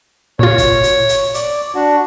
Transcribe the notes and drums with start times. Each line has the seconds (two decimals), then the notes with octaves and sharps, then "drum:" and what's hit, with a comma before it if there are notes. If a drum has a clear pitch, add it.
0.39 A#2 F4 C#5
0.58 drum: kick, hi-hat
0.83 drum: hi-hat
1.09 drum: hi-hat
1.34 D5, drum: hi-hat
1.75 D4 F#4